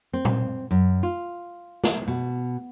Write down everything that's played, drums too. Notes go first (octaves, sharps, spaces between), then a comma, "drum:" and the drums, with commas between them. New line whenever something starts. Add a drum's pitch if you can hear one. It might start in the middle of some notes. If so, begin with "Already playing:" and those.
C4
drum: tom A#2
F#2
F4
drum: snare
B2